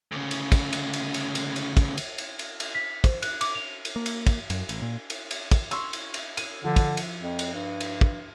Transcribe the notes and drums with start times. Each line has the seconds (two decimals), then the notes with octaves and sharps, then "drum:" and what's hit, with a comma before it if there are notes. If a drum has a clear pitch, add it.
0.12 D2 C#3
0.31 drum: cymbal
0.52 drum: kick, cymbal
0.73 drum: cymbal
0.93 drum: cymbal
1.14 drum: cymbal
1.35 drum: cymbal
1.56 drum: cymbal
1.77 drum: kick, cymbal
1.98 drum: cymbal
2.18 drum: cymbal
2.39 drum: cymbal
2.60 drum: cymbal
2.75 B6
3.04 C5, drum: kick, cymbal
3.22 F#6, drum: cymbal
3.41 D6, drum: cymbal
3.55 F7
3.85 drum: cymbal
3.96 A#3
4.06 drum: cymbal
4.27 drum: kick, cymbal
4.50 F#2, drum: cymbal
4.69 A1, drum: cymbal
4.82 A#2
5.10 drum: cymbal
5.31 drum: cymbal
5.51 drum: kick, cymbal
5.71 C6 C#6 E6, drum: cymbal
5.93 drum: cymbal
6.14 drum: cymbal
6.37 D#7, drum: cymbal
6.64 D3 F3
6.76 drum: kick, cymbal
6.97 drum: cymbal
7.21 F2
7.39 drum: cymbal
7.54 G2
7.81 drum: cymbal
8.01 drum: kick